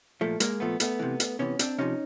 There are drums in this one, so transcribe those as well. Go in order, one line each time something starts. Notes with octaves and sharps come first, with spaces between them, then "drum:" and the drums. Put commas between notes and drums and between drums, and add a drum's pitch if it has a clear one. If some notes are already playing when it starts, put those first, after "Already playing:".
A#2 F3 A3
G#3 A#3, drum: hi-hat
A#2 F3 A3 B3
A3 B3, drum: hi-hat
C3 E3
drum: hi-hat
C3 E3 B3 C#4
C4 D4, drum: hi-hat
C3 F3 C#4 D#4